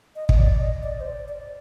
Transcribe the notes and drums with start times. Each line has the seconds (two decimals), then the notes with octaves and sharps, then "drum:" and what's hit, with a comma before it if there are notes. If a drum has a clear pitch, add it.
0.16 D#5
0.29 D#5, drum: kick
0.38 D5
0.61 D#5
0.83 D5
1.00 C5
1.06 D5
1.29 D5